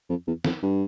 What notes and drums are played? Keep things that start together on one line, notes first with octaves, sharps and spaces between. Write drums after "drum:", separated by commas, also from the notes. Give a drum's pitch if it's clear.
F2
E2
F2, drum: snare
G2